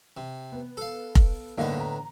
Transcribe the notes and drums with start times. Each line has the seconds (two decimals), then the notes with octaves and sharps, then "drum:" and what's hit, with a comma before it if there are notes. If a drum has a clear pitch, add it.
0.17 C3
0.52 B3
0.77 A4 F5
1.15 drum: kick F1
1.58 G1 A2 D3 A#3 B3 D#4
1.80 A#5